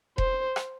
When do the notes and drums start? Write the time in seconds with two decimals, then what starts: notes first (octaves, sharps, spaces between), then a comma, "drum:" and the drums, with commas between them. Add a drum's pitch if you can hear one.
0.18 C5, drum: kick E1
0.56 drum: rim click